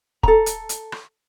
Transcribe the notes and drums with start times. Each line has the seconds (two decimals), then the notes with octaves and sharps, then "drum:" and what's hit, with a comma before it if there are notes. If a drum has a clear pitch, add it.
0.23 A4 A#5, drum: kick
0.46 drum: hi-hat
0.69 drum: hi-hat
0.92 drum: rim click